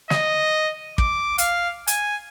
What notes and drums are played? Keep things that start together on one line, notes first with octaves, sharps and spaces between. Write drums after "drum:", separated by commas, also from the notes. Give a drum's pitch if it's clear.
D#5, drum: snare
D6, drum: kick
F5, drum: hi-hat
G#5, drum: hi-hat